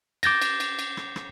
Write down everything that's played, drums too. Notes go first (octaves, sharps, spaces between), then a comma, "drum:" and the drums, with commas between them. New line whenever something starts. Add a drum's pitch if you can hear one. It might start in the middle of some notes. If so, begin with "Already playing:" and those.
D6 G6 A6 A#6, drum: cymbal
drum: cymbal
drum: cymbal
drum: cymbal
drum: rim click
drum: rim click